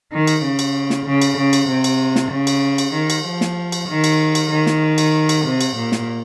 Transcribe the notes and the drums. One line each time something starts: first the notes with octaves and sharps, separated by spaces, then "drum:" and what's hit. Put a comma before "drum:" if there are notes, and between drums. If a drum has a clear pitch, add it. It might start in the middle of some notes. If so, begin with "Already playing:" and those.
D#3
drum: cymbal
C#3
drum: cymbal
drum: snare
C#3
drum: cymbal
C#3
drum: cymbal
C3
drum: cymbal
drum: snare
C#3
drum: cymbal
drum: cymbal
D#3
drum: cymbal
F3
drum: snare
drum: cymbal
D#3
drum: cymbal
drum: cymbal
D#3
drum: snare
drum: cymbal
drum: cymbal
C3
drum: cymbal
A#2
drum: snare